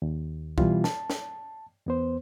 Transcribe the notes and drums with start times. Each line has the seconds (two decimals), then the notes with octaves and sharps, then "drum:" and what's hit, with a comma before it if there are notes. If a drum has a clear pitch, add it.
0.02 D#2
0.58 B2 E3 G3 E4 F4, drum: kick C2
0.84 A5, drum: snare
1.10 drum: snare
1.86 E2 B3 C5